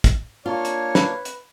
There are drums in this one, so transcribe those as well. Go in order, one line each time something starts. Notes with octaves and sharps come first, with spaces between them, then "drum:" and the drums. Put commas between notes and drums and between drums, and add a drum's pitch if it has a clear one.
drum: kick, hi-hat
A#3 D4 F4 C#5 F6
drum: hi-hat
B4, drum: snare
drum: hi-hat